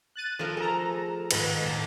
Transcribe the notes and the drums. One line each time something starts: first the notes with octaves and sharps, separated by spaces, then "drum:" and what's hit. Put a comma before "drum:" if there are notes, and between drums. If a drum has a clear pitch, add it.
F#6 A6 D#7
F3 A3 A#4
G#4 A4 A#5
G#2 D#3 B4, drum: cymbal
A2 A5